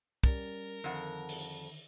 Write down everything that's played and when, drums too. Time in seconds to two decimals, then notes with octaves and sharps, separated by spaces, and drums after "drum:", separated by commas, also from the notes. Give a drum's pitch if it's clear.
0.24 G3 C#4 A#4 A6, drum: kick
0.84 F2 D3 D#3 F#5
1.29 drum: open hi-hat